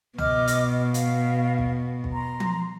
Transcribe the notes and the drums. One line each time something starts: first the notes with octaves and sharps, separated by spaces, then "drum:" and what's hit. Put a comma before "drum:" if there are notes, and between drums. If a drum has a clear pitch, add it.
B2 D#5 D6 F6, drum: tom C2
drum: hi-hat
F5, drum: hi-hat
drum: kick
drum: kick
A#5 C6
drum: tom F3